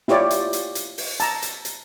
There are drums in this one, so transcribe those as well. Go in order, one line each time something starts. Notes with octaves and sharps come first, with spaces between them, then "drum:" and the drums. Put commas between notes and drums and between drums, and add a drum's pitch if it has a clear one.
E4 F4 G4 C#5 D5, drum: snare
drum: hi-hat
drum: hi-hat
drum: hi-hat
drum: open hi-hat
A5 A#5, drum: hi-hat
drum: hi-hat
drum: hi-hat